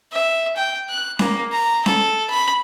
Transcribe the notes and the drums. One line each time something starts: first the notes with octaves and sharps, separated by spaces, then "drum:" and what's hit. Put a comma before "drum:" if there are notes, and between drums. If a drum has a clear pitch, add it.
E5
G5
F#6
A#3, drum: snare C#4
A#5
A4, drum: snare C#4
B5